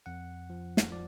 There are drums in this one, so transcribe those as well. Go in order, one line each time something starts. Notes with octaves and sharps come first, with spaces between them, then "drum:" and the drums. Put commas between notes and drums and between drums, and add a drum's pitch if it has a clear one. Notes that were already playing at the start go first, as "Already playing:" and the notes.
F2 F#5
F3
drum: snare
F3 D5